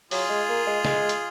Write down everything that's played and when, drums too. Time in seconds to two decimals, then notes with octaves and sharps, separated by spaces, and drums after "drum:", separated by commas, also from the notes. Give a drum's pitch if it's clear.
0.11 F#3 F4 G#4, drum: open hi-hat
0.29 G#3
0.49 A#3
0.66 G#3
0.85 G#3, drum: snare
1.09 drum: hi-hat